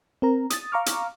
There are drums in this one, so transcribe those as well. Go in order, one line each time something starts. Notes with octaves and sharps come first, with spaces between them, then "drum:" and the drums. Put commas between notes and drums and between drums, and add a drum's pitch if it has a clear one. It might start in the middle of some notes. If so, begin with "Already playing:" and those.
C4 A#4 A#5
D#6 A6, drum: hi-hat
F5 A#5 C#6 D6 F6
drum: hi-hat